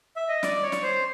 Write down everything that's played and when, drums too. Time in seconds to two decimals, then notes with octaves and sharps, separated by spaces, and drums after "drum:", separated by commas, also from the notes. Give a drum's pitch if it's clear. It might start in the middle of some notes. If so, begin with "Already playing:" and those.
0.16 E5
0.28 D#5
0.43 D5, drum: snare
0.63 C#5
0.72 drum: snare
0.83 C5